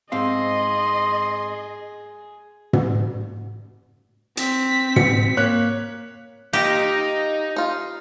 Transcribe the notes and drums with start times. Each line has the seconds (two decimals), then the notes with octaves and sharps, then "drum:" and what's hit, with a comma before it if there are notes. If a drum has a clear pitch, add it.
0.12 G#2 C4 G#4 D#5 F5 C6
2.73 drum: tom
4.37 C4 B6, drum: hi-hat
4.96 C#7, drum: tom
5.37 A#3 C#5 F#6
6.53 A#3 D#4 F4 G4 D#5
7.56 D#4 F4